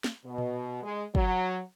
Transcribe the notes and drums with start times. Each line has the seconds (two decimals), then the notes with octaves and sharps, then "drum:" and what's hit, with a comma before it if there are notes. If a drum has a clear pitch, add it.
0.04 drum: snare
0.25 B2
0.38 drum: tom A#2
0.83 G#3
1.15 F#3, drum: kick